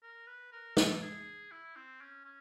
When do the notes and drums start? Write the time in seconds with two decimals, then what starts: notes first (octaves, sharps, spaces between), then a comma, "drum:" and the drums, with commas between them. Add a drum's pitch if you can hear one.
0.03 A#4
0.27 B4
0.52 A#4
0.77 A4, drum: snare
1.02 G#4
1.52 E4
1.76 C4
2.01 C#4
2.25 C#4